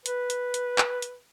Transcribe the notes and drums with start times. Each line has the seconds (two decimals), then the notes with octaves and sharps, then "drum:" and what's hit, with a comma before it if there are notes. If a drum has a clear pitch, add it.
0.06 B4, drum: hi-hat
0.30 drum: hi-hat
0.54 drum: hi-hat
0.78 drum: clap
1.02 drum: hi-hat